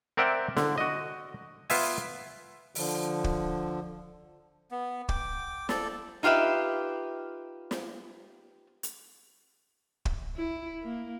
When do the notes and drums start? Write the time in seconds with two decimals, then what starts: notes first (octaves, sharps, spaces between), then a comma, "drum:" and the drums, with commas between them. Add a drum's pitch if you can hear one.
0.17 C4 A#4 D5 E5 F#5 G5
0.57 D3, drum: snare
0.78 F#4 D#5
1.70 B3 F4 E5 G#5, drum: open hi-hat
2.75 D3 F3, drum: open hi-hat
3.24 drum: kick
4.71 B3
5.09 G5 D6, drum: kick
5.69 A4 D5, drum: snare
6.23 D#4 F4 G4 B4 E5
7.71 drum: snare
8.83 drum: hi-hat
10.05 drum: kick
10.36 E4
10.83 A#3